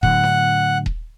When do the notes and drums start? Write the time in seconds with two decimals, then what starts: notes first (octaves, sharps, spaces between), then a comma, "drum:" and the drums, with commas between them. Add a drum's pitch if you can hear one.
0.03 A2 D3 F#3 F#5, drum: kick D#1
0.24 drum: snare D4
0.86 drum: kick D#1